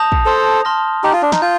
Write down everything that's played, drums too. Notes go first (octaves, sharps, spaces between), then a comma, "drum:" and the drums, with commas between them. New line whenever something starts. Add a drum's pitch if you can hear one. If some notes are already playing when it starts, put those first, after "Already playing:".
Already playing: A5 D#6 G6 A#6 F7
drum: kick
A4 C5
A5 C6 F6 A#6
D#4 G4
F4
D4
D#4, drum: snare
F4 G6